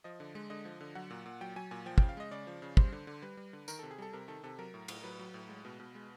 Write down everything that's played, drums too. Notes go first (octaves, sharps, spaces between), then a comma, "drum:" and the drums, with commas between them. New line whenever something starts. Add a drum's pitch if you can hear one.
F3 D#5
D3
G#3
D3 D#5
F3
D3
F#3 F#5
A#2
A#2
F#3 G5
F#3 G#5
A#2 G#5
F3 G5
C#3 G5, drum: kick
F5
G#3 D#5
C#3 D5
F3
C#3
G3 C5, drum: kick
D3
D3
G3 B4
G3
D3
D#3 A#4, drum: tambourine
C3 A4
G#4
G3 A4
C3 A#4
D#3 A4
C3 A4
F#3 A#4
A2
A2, drum: cymbal
F#3 B4
F#3
A2
G#3
B2
B2
G#3